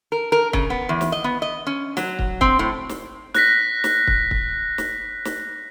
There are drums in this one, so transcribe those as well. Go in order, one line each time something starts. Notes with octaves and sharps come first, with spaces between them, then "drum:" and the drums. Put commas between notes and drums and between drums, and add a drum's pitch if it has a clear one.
A#4
A#4
C#3, drum: kick
B3
E2
drum: snare
D#5
B3
D#5
C#4
F#3, drum: snare
drum: kick
C4, drum: kick
A2
drum: snare
F#6 A#6 B6, drum: snare
drum: snare
drum: kick
drum: kick
drum: snare
drum: snare